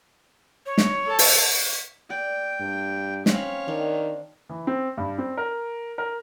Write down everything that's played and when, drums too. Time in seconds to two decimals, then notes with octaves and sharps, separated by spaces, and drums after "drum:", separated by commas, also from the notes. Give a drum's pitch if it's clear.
0.66 C#5
0.78 drum: snare
1.05 A4 A5
1.19 drum: open hi-hat
2.10 D5 G5
2.60 G2
3.26 C4 C#4 C#5 F5 B5, drum: snare
3.68 D#3 D4
4.49 E3
4.67 C4
4.97 G2
5.18 C4
5.37 A#4
5.98 A#4